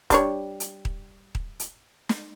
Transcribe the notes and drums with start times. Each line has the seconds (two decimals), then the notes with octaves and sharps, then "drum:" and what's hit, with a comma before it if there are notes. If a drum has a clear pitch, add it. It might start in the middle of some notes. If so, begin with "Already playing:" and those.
0.10 G3 D4 C#5, drum: kick D#1, hi-hat
0.60 drum: hi-hat
0.85 drum: kick D#1
1.35 drum: kick D#1
1.60 drum: hi-hat
2.09 drum: snare